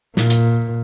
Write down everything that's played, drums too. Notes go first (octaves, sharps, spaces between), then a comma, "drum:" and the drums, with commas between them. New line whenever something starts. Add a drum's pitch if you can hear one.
A#2, drum: snare
drum: hi-hat